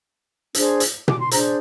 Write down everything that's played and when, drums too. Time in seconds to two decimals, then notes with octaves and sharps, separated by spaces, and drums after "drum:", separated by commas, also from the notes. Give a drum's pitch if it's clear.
0.54 D4 G#4 C5, drum: hi-hat
0.80 drum: hi-hat
1.08 D6, drum: tom B2
1.20 C6
1.31 D4 G#4 C5 A#5, drum: hi-hat